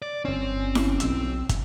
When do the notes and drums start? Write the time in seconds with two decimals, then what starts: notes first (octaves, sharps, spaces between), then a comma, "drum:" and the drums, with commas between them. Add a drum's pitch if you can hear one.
0.02 D5
0.25 G1 C4 C#4
0.75 drum: snare E4
1.00 B1 E6, drum: hi-hat
1.49 drum: kick, hi-hat